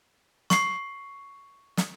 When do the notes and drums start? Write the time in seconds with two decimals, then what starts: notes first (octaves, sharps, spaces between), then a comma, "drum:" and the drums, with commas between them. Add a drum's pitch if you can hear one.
0.50 C#6 C7, drum: snare
1.77 drum: snare